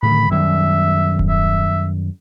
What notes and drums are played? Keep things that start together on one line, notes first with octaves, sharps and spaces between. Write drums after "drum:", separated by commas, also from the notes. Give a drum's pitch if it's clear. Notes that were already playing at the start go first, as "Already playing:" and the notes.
A2 D3 D#3 B5
F#2 D#3 G3 E5
drum: kick D#1
E5